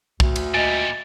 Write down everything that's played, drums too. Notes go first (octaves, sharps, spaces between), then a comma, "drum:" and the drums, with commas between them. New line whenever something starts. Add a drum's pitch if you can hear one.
D2, drum: kick
drum: cymbal
A#2 G3 D#5 G#5 A6